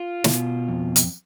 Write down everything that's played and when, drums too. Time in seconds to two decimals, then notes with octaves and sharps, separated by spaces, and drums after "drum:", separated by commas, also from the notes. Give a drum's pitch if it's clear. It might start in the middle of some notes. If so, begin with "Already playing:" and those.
Already playing: F4
0.24 B2, drum: snare
0.68 F2
0.96 drum: hi-hat